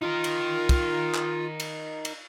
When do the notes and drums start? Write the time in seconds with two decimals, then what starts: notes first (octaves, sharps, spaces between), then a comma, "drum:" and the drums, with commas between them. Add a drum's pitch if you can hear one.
0.01 D#4 F4 A#4
0.24 drum: cymbal
0.69 drum: kick, cymbal
1.14 drum: clap
1.60 drum: cymbal
2.05 drum: cymbal